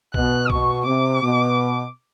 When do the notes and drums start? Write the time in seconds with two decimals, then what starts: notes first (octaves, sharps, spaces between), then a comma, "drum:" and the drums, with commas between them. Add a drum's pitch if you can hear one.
0.14 B2 F#6, drum: kick B1
0.50 B2 C#6, drum: kick B1
0.86 C3 D6
1.21 B2